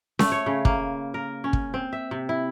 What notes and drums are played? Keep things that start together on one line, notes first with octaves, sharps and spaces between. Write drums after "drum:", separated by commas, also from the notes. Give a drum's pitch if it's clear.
A3, drum: snare C#4
C#5
C#3
A#3, drum: kick
A#4
C#4
drum: kick
C4
E5
C3
E4